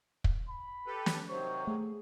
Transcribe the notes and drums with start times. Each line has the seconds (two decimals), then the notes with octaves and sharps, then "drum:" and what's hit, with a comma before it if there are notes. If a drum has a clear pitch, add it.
0.24 drum: kick
0.49 B5
0.87 G4 A4 B4
1.06 drum: snare
1.29 C3 D#3 F#3 C5 C#5
1.67 A3 G#4